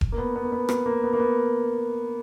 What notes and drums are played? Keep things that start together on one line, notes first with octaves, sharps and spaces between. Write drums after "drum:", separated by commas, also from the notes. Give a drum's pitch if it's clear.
drum: kick E1
A#3
B3
B3
A#3
B3
B3, drum: rim click
A#3
B3
A#3
B3